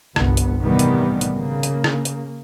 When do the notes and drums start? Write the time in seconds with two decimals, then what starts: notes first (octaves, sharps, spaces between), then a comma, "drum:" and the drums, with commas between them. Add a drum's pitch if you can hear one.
0.16 G1 C2 B3, drum: rim click
0.37 drum: hi-hat
0.62 A2 C3 D#3 E3 G3 B3
0.79 drum: hi-hat
1.21 drum: hi-hat
1.33 C#3 A#3
1.63 drum: hi-hat
1.84 drum: rim click
2.05 drum: hi-hat